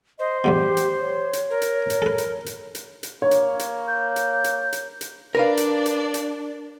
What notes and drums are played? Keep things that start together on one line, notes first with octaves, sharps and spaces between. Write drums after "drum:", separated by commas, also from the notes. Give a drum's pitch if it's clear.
C5 D#5
E2 G2 B2 G4
drum: hi-hat
C#5
drum: hi-hat
A#4
drum: hi-hat
drum: hi-hat
A4 B4
drum: hi-hat
drum: hi-hat
drum: hi-hat
drum: hi-hat
A#3 C#5
drum: hi-hat
drum: hi-hat
G6
drum: hi-hat
drum: hi-hat
drum: hi-hat
drum: hi-hat
D4 A#4 B4 D5 F5
drum: hi-hat
drum: hi-hat
drum: hi-hat